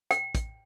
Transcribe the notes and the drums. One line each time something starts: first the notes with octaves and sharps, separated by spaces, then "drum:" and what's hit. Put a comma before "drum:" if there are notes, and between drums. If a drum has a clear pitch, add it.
G5, drum: hi-hat
drum: kick, hi-hat